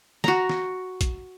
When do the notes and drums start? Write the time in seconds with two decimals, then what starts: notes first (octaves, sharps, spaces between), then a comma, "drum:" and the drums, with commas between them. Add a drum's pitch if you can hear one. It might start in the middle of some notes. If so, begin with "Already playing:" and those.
0.24 F#4 A#5, drum: snare
0.50 drum: snare
1.01 drum: kick, hi-hat